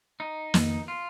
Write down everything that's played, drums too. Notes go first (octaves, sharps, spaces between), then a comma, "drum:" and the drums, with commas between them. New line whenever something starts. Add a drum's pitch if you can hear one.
D#4
F2 D#3 A#3, drum: snare
F4